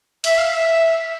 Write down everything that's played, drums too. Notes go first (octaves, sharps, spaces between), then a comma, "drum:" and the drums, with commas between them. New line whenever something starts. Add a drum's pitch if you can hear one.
E5, drum: cymbal
F5
E5